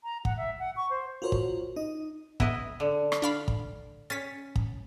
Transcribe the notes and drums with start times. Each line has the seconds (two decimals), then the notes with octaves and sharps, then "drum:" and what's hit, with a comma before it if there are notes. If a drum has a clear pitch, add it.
0.04 A#5
0.25 F#5, drum: kick
0.37 E5
0.59 F#5
0.76 C#6
0.90 C5
1.22 F4 F#4 A#4 C5 C#5
1.32 drum: kick
1.76 D#4 D#5
2.40 B3 E4 D#5, drum: kick
2.80 D3
3.12 drum: rim click
3.22 D4 F5 B5
3.48 drum: kick
4.10 C#4 A6 B6
4.56 drum: kick